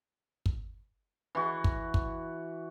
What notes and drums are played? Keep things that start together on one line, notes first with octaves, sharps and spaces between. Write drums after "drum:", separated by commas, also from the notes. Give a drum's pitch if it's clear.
drum: kick
E3 F#4
drum: kick
drum: kick